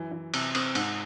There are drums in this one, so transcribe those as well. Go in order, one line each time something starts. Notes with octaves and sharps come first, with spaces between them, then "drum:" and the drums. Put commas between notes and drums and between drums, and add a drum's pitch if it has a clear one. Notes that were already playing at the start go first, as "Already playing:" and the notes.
Already playing: F#2 E3
E3
C3, drum: cymbal
C4, drum: cymbal
G#2, drum: cymbal